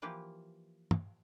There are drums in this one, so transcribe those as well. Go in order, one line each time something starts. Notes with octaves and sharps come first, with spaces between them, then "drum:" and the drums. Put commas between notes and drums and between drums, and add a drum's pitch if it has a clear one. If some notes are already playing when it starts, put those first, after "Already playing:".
E3 F3 A#3 G4 B4
drum: tom